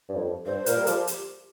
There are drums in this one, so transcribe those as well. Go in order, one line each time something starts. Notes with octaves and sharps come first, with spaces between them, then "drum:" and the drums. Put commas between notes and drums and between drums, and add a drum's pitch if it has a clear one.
G2
F2
G2 C5
A#2 A#4, drum: hi-hat
G3
F3 G4, drum: hi-hat
drum: hi-hat